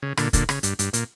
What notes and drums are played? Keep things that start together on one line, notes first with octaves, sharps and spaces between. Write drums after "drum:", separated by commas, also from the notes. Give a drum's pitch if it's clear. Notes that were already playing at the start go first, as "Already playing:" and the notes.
C#3
A#2 D3, drum: rim click
A#2 D3, drum: kick, hi-hat
C#3, drum: rim click
G2, drum: hi-hat
G2, drum: hi-hat
A#2, drum: hi-hat